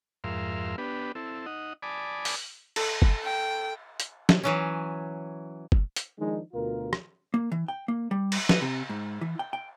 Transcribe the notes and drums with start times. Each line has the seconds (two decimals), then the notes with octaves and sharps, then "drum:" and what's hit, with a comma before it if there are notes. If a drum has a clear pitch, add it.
0.24 F2 G#2 A#4 E5 F5 C6
0.78 B3 D4 G4 B4
1.15 C4 E4 A4
1.46 D#4 D#5 F#5
1.82 D5 G#5 A5 B5 D6 D#6
2.25 drum: open hi-hat
2.76 A4, drum: cymbal
3.02 drum: kick
3.24 G5
4.00 drum: hi-hat
4.29 drum: snare
4.43 E3 F#3 C#4
5.72 drum: kick
5.96 drum: hi-hat
6.20 D#3 F3 G#3 D4 D#4
6.53 D2 B2 F4 A#4
6.93 drum: rim click
7.34 A#3
7.52 E3
7.68 G5
7.88 A#3
8.11 G3
8.32 drum: cymbal
8.49 B4, drum: snare
8.62 C3
8.89 G#2
9.21 E3
9.39 G5
9.53 G5